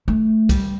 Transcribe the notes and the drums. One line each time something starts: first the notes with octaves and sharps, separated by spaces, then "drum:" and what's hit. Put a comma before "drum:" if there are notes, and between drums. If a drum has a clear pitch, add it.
A3
G3, drum: kick, hi-hat